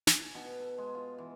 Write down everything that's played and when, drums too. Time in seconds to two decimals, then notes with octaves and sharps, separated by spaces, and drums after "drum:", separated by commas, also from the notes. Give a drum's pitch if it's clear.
0.07 G#5, drum: snare
0.35 B2
0.60 A4
0.78 G#3
0.95 F4
1.18 E3